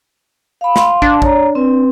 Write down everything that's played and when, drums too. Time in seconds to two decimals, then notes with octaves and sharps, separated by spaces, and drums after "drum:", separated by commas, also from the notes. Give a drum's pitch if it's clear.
0.61 F5 B5
0.76 F5 C6, drum: snare
1.02 D4, drum: kick
1.22 C#5 A#5, drum: kick
1.55 C4 B4